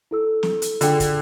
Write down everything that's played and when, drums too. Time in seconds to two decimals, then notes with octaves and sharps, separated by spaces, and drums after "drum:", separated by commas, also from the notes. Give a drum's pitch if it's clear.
0.11 E4 A4 E6
0.43 drum: snare
0.62 drum: hi-hat
0.81 D3 F4 G#4 G5, drum: hi-hat
1.00 drum: kick, hi-hat